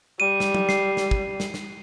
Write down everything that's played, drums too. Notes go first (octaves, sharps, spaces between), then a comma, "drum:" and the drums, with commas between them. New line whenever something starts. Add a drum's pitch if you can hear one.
G3 D#7
drum: snare
drum: tom F#3
C7, drum: snare
drum: snare
drum: kick
drum: snare
drum: snare